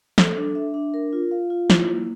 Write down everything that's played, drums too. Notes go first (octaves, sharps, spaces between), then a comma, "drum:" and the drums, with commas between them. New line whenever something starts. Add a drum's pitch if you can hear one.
A4, drum: snare
D4
E5
D4
A#4
F4
F5
F4
E4, drum: snare
A#3